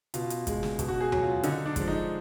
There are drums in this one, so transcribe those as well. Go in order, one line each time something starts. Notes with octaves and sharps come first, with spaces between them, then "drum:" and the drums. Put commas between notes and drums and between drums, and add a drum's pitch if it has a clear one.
B2 F4, drum: hi-hat
drum: hi-hat
G#3, drum: kick, hi-hat
drum: snare
B2, drum: kick, hi-hat
F#4
G#4
F#3, drum: tom E2
F4
D3 D#4, drum: hi-hat
D4
F3 G#3, drum: kick, hi-hat
D#4